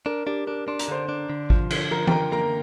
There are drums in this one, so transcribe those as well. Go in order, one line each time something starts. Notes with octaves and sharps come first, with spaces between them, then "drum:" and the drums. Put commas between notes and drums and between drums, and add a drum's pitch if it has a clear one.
D4 A#4
D4 G4
D4 A#4
D4 C6
A#5, drum: hi-hat
D3 C5 C6
D4
D3
F3, drum: kick G#1
D3, drum: cymbal
F3 A#4 A#5
G5, drum: tom E3
D3 A#4 A#5
A#3 A#4 A#5